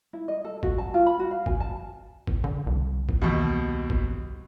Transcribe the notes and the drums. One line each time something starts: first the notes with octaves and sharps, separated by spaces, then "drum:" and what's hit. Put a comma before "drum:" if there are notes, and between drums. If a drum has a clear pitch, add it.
E4
D#5
A4
F#4, drum: kick
A5
F4
B5
F#4
F5
G#5, drum: kick
A5
drum: kick
D3
C2
drum: kick
D#2 B2
drum: kick